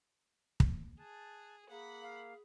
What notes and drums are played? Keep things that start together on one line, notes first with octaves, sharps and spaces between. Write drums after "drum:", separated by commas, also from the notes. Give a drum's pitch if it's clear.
drum: kick
G#4 A5 F#6
A#3 G#4 F#5 B5
F5